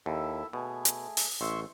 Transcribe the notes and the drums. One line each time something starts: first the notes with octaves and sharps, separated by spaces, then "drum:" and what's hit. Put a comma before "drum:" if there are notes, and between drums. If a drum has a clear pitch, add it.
D#2 E4 A4
B2 A3 G#4
drum: hi-hat
drum: open hi-hat
A1 E5 C6 C#6